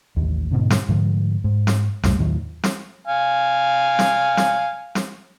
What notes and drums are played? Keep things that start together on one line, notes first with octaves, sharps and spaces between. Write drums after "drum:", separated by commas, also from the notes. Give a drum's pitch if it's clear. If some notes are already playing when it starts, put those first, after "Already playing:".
A1 D#2
G#2 B2 D3
drum: snare
G#2 D3 F3 G#3
G#2
drum: snare
C2 F#2 A2 G3, drum: snare
D#2 A2 D#3 F#3
drum: snare
F5 G#5
drum: snare
drum: snare
drum: snare